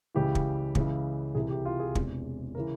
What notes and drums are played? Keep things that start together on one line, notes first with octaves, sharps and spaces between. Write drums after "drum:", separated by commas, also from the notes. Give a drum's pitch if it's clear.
C#2 C#3 E3 G4
drum: kick
C#2 C#3 E3, drum: kick
C2 C3 E3 G#4
G4
F4
G#4
E1 E2 C3, drum: kick
C#3 E3 A#4